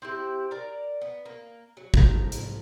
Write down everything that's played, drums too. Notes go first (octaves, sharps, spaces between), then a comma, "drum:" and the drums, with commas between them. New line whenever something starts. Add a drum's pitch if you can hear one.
C4 E4 G4
A#4 D5 A#5
B3
A#3
F#3
A2 F3 A#5, drum: kick
drum: hi-hat